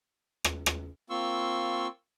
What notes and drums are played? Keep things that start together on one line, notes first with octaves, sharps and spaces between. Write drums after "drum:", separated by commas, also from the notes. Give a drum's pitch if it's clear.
drum: rim click
drum: rim click
A#3 C4 F4 C6 C#6 E6